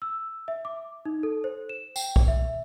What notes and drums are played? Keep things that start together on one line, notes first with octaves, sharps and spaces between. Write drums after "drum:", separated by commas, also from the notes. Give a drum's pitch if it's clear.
E6
E5
D6
D#4
A4
C5
E7
G5, drum: tambourine
drum: kick B1
E5